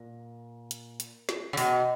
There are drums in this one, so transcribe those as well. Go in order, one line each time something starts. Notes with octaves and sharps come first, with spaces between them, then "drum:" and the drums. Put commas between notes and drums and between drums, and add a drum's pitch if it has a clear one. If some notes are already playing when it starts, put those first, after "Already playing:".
Already playing: A#2
drum: hi-hat
drum: hi-hat
drum: snare
C#3
B2, drum: open hi-hat